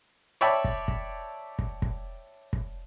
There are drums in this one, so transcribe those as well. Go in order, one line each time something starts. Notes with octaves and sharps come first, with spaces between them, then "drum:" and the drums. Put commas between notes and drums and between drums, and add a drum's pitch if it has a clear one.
C#5 D5 E5 G5 A5 B5
drum: kick
drum: kick
drum: kick
drum: kick
drum: kick